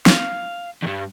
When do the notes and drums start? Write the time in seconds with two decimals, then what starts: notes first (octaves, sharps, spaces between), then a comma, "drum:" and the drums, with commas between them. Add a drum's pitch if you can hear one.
0.06 F5, drum: snare
0.83 E2 G2